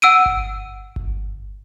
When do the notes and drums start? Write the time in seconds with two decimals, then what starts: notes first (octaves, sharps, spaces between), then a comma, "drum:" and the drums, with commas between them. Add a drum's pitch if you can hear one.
0.02 F#5 E6 D7 D#7
0.26 drum: kick G1
0.96 drum: kick G1